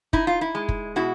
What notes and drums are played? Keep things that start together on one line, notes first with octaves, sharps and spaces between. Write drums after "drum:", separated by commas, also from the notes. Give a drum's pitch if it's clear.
D#4 E4, drum: kick
F4
E4
G#3
drum: kick
B2 E4 F#4